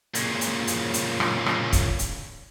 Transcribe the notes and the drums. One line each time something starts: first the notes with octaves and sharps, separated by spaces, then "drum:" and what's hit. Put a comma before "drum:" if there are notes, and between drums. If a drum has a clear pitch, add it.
A#2 C#3, drum: hi-hat
drum: hi-hat
drum: hi-hat
drum: hi-hat
drum: rim click
drum: rim click
drum: kick, hi-hat
drum: hi-hat